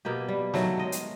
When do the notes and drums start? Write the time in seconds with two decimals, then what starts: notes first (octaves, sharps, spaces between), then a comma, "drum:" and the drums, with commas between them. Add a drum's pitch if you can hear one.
0.05 B2 A#3 B3 G4
0.28 G3
0.54 D#3 F#3 A3, drum: snare
0.77 G#3 D#5
0.92 drum: hi-hat